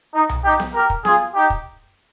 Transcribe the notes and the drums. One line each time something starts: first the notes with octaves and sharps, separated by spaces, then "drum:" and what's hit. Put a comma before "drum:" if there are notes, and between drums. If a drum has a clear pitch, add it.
D#4
drum: tom B1
D#4 G4
drum: snare B3
G4 A#4
drum: kick
F4 G#4, drum: snare B3
D#4 G4
drum: kick